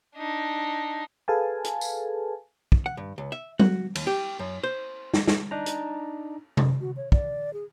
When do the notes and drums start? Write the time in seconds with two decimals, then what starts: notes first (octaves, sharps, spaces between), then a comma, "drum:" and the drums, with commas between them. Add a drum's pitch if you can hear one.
0.16 D4 D#4
1.28 G#4 A4 B4 F5 G#5 A5
1.64 drum: hi-hat
1.81 drum: tambourine
2.72 drum: kick
2.86 F#5
2.97 G2
3.18 C#2
3.32 E5
3.59 F#4, drum: tom F#3
3.95 D#2, drum: cymbal
4.07 G4
4.39 F#2
4.64 C5
5.14 drum: snare
5.28 drum: snare
5.51 D4 D#4 A#5
5.66 drum: hi-hat
6.57 F#2, drum: tom C3
6.81 F#4
6.97 C#5
7.12 D5, drum: kick
7.53 G#4